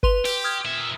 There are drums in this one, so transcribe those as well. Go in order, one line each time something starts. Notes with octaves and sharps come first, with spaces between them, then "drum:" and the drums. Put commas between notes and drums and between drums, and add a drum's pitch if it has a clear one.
B4 C6 F7, drum: kick G1
G4, drum: open hi-hat
D#6 F6 G#6
A#2 E5